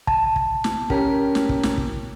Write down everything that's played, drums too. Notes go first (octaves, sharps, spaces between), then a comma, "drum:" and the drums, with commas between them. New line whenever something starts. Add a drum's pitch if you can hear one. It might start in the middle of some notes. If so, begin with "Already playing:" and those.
A5, drum: kick
drum: kick
drum: snare
C#4 G4 A#4, drum: kick
drum: snare
drum: kick
drum: snare
drum: kick